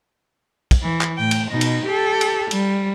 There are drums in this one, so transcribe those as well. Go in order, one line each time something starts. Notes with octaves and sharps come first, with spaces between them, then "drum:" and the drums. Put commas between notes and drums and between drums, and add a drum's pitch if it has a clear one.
drum: kick, cymbal
E3
drum: clap
A2 G5
drum: cymbal
B2 D#4
drum: cymbal
G4 A4
drum: cymbal
G3, drum: cymbal